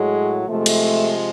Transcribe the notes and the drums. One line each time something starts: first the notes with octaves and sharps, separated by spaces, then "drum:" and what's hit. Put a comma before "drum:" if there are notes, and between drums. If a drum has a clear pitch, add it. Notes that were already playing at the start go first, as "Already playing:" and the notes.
Already playing: A2 F#3 G#3
C3 F3 G#3 A3
drum: cymbal